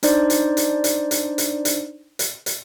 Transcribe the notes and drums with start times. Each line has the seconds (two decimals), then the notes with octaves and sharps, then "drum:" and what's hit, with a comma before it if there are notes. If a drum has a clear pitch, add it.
0.03 D4 D#4 C5 D5, drum: hi-hat
0.30 drum: hi-hat
0.57 drum: hi-hat
0.84 drum: hi-hat
1.11 drum: hi-hat
1.38 drum: hi-hat
1.65 drum: hi-hat
2.19 drum: hi-hat
2.46 drum: hi-hat